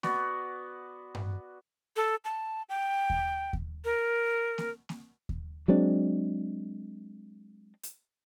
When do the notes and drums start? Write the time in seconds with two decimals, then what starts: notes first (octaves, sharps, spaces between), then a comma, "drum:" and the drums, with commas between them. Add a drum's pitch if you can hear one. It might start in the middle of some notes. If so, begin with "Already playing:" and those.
0.03 B3 F#4 D5, drum: snare A#3
1.15 drum: tom G2
1.96 A4
2.25 A5
2.69 G5
3.10 drum: kick D#2
3.53 drum: kick D#2
3.85 A#4
4.58 drum: snare A#3
4.89 drum: snare A#3
5.29 drum: kick D#2
5.68 F#3 G#3 C4 D4
7.83 drum: hi-hat